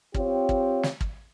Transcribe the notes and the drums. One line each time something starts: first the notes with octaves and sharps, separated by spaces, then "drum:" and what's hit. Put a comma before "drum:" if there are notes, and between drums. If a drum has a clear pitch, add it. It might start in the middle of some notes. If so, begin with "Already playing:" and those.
C4 F4 G4 C#5, drum: kick
drum: kick
drum: snare
drum: kick